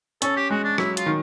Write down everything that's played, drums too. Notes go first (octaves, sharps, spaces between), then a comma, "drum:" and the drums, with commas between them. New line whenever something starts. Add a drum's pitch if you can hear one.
C#4 A4, drum: hi-hat
G4
G#3 F#4
D4
F#3 E4, drum: rim click
F4, drum: hi-hat
D#3